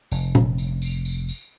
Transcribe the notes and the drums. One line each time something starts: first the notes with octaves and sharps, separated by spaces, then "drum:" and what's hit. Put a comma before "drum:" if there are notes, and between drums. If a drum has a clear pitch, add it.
F1, drum: tambourine
drum: tom A#2
drum: tambourine
drum: tambourine
drum: tambourine
drum: tambourine